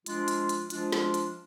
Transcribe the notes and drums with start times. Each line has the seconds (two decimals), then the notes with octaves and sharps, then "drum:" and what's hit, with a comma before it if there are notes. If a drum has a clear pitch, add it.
0.06 F3 G#3 D4 F4, drum: hi-hat
0.28 drum: hi-hat
0.49 drum: hi-hat
0.70 F3 G#3 D4 F4, drum: hi-hat
0.92 drum: snare
1.14 drum: hi-hat